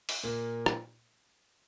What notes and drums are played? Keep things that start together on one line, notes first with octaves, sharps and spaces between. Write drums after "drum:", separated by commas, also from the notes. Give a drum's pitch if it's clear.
drum: open hi-hat
A#2 A#3
drum: rim click